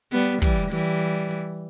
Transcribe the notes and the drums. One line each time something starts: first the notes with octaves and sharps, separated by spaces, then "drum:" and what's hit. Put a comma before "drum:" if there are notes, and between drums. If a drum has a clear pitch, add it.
G3 B3, drum: open hi-hat
E3 G3, drum: kick, hi-hat
E3 G3, drum: hi-hat
drum: open hi-hat